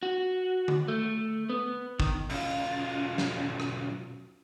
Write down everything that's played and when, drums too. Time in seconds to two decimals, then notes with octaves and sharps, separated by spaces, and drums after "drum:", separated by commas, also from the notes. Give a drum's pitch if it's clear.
0.03 F#4
0.68 drum: tom D3
0.88 A3
1.50 B3
2.00 D#3, drum: kick
2.30 B1 C#4 F4, drum: open hi-hat
3.18 drum: snare
3.60 drum: rim click